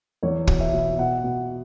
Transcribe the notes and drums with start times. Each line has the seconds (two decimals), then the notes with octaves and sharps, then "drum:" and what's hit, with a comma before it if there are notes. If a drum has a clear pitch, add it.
0.23 E2 C#5
0.47 B2, drum: kick
0.60 E5
0.73 B2
0.99 B2 F#5
1.24 B2